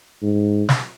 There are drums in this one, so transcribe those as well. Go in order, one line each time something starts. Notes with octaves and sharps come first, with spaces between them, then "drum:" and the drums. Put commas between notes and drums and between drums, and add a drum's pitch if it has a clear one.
G#2
drum: snare